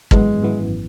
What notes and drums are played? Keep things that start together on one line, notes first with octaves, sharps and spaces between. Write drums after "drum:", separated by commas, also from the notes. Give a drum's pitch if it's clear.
G#1 F#2 E3 G#3 B3, drum: kick
G#1 F#2 E3 B3